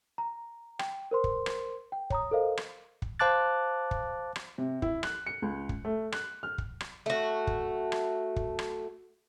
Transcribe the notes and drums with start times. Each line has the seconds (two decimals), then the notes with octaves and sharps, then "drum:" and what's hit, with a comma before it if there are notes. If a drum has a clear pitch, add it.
0.18 A#5
0.79 G5, drum: rim click
1.11 A#4 C5 C6
1.24 drum: kick
1.46 drum: rim click
1.92 G5
2.10 C#5 A#5 D#6, drum: kick
2.31 A4 A#4 C5 D#5 F5
2.57 drum: rim click
3.02 drum: kick
3.19 C5 F5 A5 D6 F#6 A6
3.91 drum: kick
4.36 drum: rim click
4.58 C3
4.82 E4, drum: kick
5.03 F#6, drum: rim click
5.26 C#7
5.42 C#2
5.69 drum: kick
5.85 A3
6.12 F#6, drum: rim click
6.43 F6
6.58 drum: kick
6.81 drum: rim click
7.06 A3 F#4
7.47 drum: kick
7.92 drum: rim click
8.36 drum: kick
8.59 drum: rim click